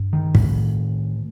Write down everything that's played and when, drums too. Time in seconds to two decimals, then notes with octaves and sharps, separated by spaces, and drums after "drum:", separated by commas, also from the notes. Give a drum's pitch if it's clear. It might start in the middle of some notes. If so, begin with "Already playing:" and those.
Already playing: G2
0.13 D#3
0.35 A2, drum: kick